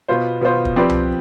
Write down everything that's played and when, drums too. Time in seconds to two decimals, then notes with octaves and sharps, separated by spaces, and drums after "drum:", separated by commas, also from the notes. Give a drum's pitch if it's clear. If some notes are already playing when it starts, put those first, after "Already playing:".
0.08 B2 B3 F4 C5
0.41 B2 B3 F4 C5
0.65 drum: kick
0.76 F3 C4 G4 B4 D5
0.89 drum: tom C2